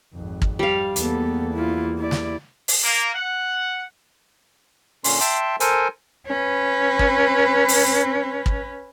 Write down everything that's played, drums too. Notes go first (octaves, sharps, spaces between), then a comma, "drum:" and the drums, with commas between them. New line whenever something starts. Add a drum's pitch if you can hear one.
G#1 F2
drum: kick
G3 F5
E2 A#3 B3 A4, drum: hi-hat
E4 F4
E4 D5
drum: snare
drum: open hi-hat
A#3
F#5
A#2 D3 C#4 C6, drum: open hi-hat
E5 G5 A5 C6, drum: hi-hat
A4 A#4 C5 G#5, drum: hi-hat
C#4 B4
drum: kick
drum: open hi-hat
drum: kick